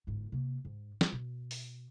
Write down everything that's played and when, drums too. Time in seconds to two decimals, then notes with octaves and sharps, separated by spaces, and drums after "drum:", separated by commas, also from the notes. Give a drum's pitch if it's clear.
0.07 G1 G#2
0.32 C3 A#3
0.65 G#2
1.01 G3 E4, drum: snare
1.12 B2
1.51 drum: open hi-hat